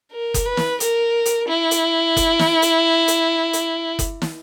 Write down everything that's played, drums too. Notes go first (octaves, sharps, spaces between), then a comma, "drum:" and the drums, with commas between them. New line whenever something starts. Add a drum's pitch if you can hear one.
A#4
drum: kick F#1, hi-hat
B4
drum: snare
A#4, drum: hi-hat
drum: hi-hat
E4
drum: hi-hat
drum: kick F#1, hi-hat
drum: snare
drum: hi-hat
drum: hi-hat
drum: hi-hat
drum: kick F#1, hi-hat
drum: snare